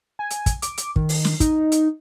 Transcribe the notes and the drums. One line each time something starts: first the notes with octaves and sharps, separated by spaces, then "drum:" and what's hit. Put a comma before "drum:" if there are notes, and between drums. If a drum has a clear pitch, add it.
G#5
drum: hi-hat
drum: kick, hi-hat
D6, drum: hi-hat
drum: hi-hat
D#3, drum: kick
drum: open hi-hat
drum: snare
D#4, drum: kick, hi-hat
drum: hi-hat